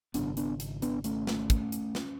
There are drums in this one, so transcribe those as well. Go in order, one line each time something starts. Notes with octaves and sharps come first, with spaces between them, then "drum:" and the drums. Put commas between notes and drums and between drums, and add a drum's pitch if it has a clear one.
G#1 F#2 C#3 B3 D4, drum: hi-hat
B3 D4, drum: hi-hat
drum: hi-hat
B3 D4, drum: hi-hat
A3 C#4, drum: hi-hat
drum: snare
drum: kick, hi-hat
drum: hi-hat
drum: snare